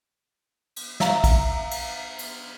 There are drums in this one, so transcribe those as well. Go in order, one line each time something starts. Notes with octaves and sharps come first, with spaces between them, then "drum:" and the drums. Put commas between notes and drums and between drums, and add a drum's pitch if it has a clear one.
drum: cymbal
E5 F5 A#5, drum: snare
drum: kick A#1, cymbal
drum: cymbal
drum: cymbal